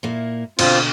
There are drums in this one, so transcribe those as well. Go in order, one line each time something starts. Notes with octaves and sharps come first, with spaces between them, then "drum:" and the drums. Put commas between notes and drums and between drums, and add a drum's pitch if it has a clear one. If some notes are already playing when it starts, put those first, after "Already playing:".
A#2 A#3 E4
B2 D3 C4 F4, drum: cymbal